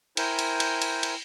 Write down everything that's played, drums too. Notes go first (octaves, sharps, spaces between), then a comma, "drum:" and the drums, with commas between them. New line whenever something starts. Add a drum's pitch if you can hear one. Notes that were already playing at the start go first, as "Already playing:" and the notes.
E4 A#4 C5 G5 G#5, drum: cymbal
drum: cymbal
drum: cymbal
drum: cymbal
drum: cymbal